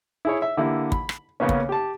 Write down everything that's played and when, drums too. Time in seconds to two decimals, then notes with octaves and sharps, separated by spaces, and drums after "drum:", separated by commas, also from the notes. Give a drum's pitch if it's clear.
0.25 E4 G#4 C#5
0.42 E5
0.57 D3 A#3 E4 G4
0.92 B5, drum: kick
1.09 drum: rim click
1.40 C#3 A#3 B3 C#4
1.49 drum: kick
1.69 G4 A5